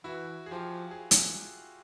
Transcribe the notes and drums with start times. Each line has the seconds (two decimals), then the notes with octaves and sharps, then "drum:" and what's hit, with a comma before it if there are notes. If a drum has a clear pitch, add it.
0.04 E3 E4 F#4
0.46 G#4
0.51 F3 F4 G4
0.91 G#4
1.11 drum: hi-hat